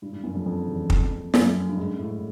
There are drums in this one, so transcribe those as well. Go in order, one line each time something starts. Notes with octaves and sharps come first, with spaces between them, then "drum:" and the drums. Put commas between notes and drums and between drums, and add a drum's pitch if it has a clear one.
G2
G2
F#2
F2
F2
E2
F2, drum: kick
F2
F#2, drum: snare
G2
G#2
A2